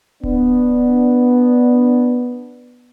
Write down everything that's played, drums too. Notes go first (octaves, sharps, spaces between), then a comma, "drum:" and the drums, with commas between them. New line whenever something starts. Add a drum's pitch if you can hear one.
B3 D4, drum: kick D1